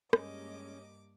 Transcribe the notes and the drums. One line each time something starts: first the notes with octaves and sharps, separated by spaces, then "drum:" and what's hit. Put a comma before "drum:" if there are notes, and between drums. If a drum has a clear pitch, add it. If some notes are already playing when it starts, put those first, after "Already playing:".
G2 G#3 A#3 C#4 G4 D#5 D6, drum: rim click